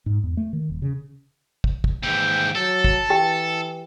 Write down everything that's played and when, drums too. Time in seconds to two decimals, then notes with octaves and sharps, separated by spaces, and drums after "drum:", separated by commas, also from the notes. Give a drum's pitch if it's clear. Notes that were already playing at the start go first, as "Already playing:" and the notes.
0.06 G#2
0.23 E2
0.37 A3
0.53 D#3
0.69 D#1
0.82 C#3
1.64 drum: kick
1.84 drum: kick
2.03 D#2 G#2 E3 G5
2.55 F#3 A4 A5
2.84 drum: kick
3.10 E3 G4 G5